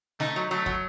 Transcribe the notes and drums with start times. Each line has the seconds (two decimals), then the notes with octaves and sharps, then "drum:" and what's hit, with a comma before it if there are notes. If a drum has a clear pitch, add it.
0.20 A3 D#4, drum: snare
0.36 F#3
0.51 F#3 A3
0.66 F#3, drum: kick